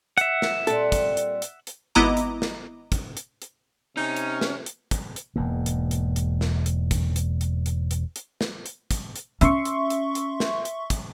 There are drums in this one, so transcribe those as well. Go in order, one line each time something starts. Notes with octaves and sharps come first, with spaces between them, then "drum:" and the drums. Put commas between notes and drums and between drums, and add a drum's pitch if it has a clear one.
E5 F#5, drum: hi-hat
drum: snare
A#2 G3 C4 A4, drum: hi-hat
drum: kick, hi-hat
drum: hi-hat
drum: hi-hat
drum: hi-hat
G#1 B3 E4 D#5 A#5 D6
drum: hi-hat
drum: snare
drum: kick, hi-hat
drum: hi-hat
drum: hi-hat
C3 C#4 D#4
drum: hi-hat
drum: snare
drum: hi-hat
drum: kick, hi-hat
drum: hi-hat
E1 E2 G#2 A#3
drum: hi-hat
drum: hi-hat
drum: hi-hat
drum: snare
drum: hi-hat
drum: kick, hi-hat
drum: hi-hat
drum: hi-hat
drum: hi-hat
drum: hi-hat
drum: hi-hat
drum: snare
drum: hi-hat
drum: kick, hi-hat
drum: hi-hat
C#4 E5 C6 C#6, drum: hi-hat
drum: hi-hat
drum: hi-hat
drum: hi-hat
drum: snare
drum: hi-hat
drum: kick, hi-hat